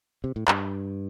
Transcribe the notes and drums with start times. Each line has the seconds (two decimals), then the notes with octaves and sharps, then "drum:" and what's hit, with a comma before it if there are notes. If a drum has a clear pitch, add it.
0.24 C3
0.36 A2
0.48 G2, drum: clap